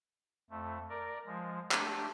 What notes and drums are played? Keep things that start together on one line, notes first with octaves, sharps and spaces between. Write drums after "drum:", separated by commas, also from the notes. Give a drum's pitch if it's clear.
F2 A3
A#4 D5
F3 G#3
A3 D4 G4, drum: clap